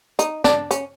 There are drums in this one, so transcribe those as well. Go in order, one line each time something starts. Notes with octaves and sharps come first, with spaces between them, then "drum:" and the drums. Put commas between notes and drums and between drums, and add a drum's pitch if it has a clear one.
D#4, drum: hi-hat
D4, drum: snare
C#4, drum: hi-hat